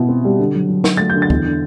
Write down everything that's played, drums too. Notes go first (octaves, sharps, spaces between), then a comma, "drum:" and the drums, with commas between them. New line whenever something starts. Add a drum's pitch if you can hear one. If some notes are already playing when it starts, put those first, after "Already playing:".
Already playing: B2 E4
C4
G3
D3
F#3
F#3
D3, drum: snare
A3 A6
G6
D3
A6
E2, drum: kick D2
D3